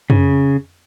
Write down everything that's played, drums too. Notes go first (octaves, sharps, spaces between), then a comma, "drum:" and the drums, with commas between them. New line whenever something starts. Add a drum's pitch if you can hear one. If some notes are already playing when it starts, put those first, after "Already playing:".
C#3, drum: tom